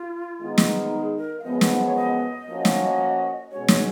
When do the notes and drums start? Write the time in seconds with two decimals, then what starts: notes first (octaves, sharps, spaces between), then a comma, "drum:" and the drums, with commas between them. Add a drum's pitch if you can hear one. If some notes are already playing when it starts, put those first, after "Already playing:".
Already playing: F4
0.41 D#3 G#3 B3 D#4
0.58 drum: snare
0.93 G#4
1.18 A#4
1.40 F5
1.44 F#2 F3 G#3 B3 D#5
1.61 drum: snare
1.86 C#5
1.96 D#5
2.48 F3 A#3 C#4 F#4
2.65 drum: snare
3.51 B2 G#3 C#4 F#4 C#5
3.68 drum: snare